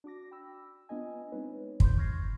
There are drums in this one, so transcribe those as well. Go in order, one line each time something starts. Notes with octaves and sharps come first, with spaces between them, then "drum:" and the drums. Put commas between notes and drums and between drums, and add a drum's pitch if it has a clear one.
D4 F#4 D6 A#6
G5 B5 E6
B3 D4 F4 D#5 G#5
G#3 B3 C4 D#4 B4 C#5
B5 C6 D6 G6, drum: kick
C#6 F6 G#6 A#6 C7